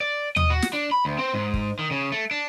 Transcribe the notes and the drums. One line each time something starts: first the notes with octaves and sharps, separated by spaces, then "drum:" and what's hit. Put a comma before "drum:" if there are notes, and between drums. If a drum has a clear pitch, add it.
D5
D#5, drum: tom D#2
F#4
drum: snare
D4
B5
D2
C4
G#2
drum: kick
D#3
C#3
A3
D4